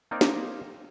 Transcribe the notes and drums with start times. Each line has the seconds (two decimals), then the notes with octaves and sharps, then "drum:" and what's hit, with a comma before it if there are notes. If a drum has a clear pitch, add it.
0.11 A#3 C4 D#4 A#4 D5
0.21 drum: snare